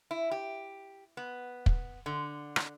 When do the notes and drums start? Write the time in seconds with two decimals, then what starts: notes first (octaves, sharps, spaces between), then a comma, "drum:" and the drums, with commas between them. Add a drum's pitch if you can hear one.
0.11 E4
0.31 G4
1.17 B3
1.66 drum: kick
2.06 D3
2.56 drum: rim click